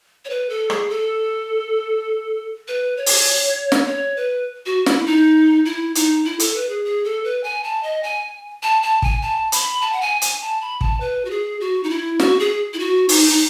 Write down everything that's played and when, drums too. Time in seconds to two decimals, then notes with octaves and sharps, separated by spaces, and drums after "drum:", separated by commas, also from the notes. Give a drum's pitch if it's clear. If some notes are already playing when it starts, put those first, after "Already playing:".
0.25 C#5
0.30 B4
0.50 A4
0.70 G#4, drum: rim click
0.90 A4
2.68 B4
2.97 C#5
3.06 drum: open hi-hat
3.72 drum: snare
3.87 C#5
4.17 B4
4.66 F#4
4.86 E4, drum: snare
5.06 D#4
5.65 E4
5.95 D#4, drum: hi-hat
6.25 E4
6.39 A4, drum: hi-hat
6.55 B4
6.69 G#4
6.85 G#4
7.04 A4
7.24 B4
7.44 G#5
7.64 A5
7.83 D#5
8.03 G#5
8.63 A5
8.83 A5
9.02 G#5, drum: kick
9.22 A5
9.52 B5, drum: hi-hat
9.82 A5
9.93 F#5
10.01 G#5
10.22 G#5, drum: hi-hat
10.41 A5
10.61 B5
10.81 A5, drum: kick
11.01 B4
11.25 F#4
11.31 G#4
11.61 F#4
11.83 D#4
11.90 E4
12.20 F#4, drum: snare
12.40 G#4
12.74 E4
12.79 F#4
13.09 D#4, drum: open hi-hat
13.29 D#4